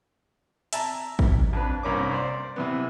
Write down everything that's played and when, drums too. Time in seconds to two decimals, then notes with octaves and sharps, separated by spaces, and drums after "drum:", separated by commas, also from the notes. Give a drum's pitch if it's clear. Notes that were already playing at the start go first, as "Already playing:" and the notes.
0.73 E5 A5 A#5, drum: hi-hat
1.19 drum: kick
1.53 F2 D4 B4
1.83 C2 G2 A#3 C#4 D6
2.12 C5 D5
2.56 C3 E3 B3